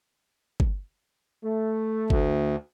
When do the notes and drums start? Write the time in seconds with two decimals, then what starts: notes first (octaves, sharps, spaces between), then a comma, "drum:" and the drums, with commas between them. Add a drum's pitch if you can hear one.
0.60 drum: kick
1.44 A3
2.10 D2, drum: kick